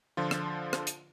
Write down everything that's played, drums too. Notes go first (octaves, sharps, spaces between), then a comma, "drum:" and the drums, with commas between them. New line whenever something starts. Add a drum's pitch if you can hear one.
D3 F3 F4
drum: rim click
drum: rim click
drum: hi-hat